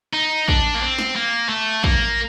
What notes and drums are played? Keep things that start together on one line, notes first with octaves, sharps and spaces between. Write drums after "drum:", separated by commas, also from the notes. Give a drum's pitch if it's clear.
D#4
D4, drum: kick A#1
A#3
C4
drum: snare
A#3
A3
A#3, drum: kick A#1